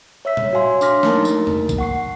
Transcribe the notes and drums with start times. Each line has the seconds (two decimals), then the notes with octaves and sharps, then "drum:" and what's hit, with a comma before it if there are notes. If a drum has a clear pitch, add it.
0.25 C#5 E5 E6 B6
0.37 drum: tom A#2
0.53 F#4 C#5 F5 G#5 C6
0.81 D4 C6 D6 F6 A#6 B6, drum: tambourine
1.03 A3 A#3 D#4 A#4 A5, drum: snare
1.25 drum: tambourine
1.47 drum: tom
1.69 drum: kick, tambourine
1.78 F#5 C#6 C7